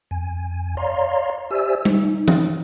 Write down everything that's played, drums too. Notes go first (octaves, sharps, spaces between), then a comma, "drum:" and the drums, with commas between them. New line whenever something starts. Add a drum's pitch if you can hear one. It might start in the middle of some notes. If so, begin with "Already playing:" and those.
F2 G#5
C#5 D5 F5 A#5 C6
G4 C5 D5 E5 G#5 E6
D#4, drum: tom G3
drum: tom E3